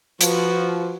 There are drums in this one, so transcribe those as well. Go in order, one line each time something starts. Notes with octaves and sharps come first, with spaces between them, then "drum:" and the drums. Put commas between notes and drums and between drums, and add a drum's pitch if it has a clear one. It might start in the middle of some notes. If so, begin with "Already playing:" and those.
F3 F#4 B4, drum: hi-hat